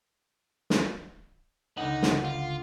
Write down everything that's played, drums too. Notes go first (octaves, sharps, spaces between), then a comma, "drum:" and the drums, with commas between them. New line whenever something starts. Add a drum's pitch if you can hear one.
drum: snare
C#2 D3 D#4 F#5
drum: snare
F4